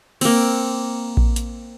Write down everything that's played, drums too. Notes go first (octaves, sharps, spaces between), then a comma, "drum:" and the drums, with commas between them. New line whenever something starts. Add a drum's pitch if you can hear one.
A#3 C4, drum: cymbal
drum: kick A#1
drum: hi-hat